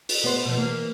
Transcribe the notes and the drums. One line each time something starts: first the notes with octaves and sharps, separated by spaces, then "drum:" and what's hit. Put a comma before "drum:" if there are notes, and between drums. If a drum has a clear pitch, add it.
drum: open hi-hat
B3 C5
B2 F3
E3 A#3